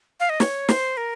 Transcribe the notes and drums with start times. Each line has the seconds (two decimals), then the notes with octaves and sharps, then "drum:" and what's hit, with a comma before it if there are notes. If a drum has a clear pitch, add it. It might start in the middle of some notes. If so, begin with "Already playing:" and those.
0.20 F5
0.29 D#5
0.40 C#5, drum: snare
0.69 C5, drum: snare
0.97 A#4